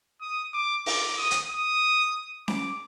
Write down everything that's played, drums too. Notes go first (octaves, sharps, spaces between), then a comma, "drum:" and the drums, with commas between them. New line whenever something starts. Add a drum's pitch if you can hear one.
D#6
D6
D6, drum: open hi-hat
D#6
drum: hi-hat
D#6
D6, drum: snare C#4